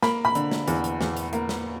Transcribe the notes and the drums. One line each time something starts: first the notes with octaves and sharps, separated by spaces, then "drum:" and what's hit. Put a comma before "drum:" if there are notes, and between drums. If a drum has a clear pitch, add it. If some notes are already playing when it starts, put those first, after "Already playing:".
A#3 B5, drum: snare
B5
D3, drum: hi-hat
drum: snare
E2, drum: hi-hat
drum: hi-hat
E2, drum: snare
drum: hi-hat
A#3, drum: hi-hat
drum: snare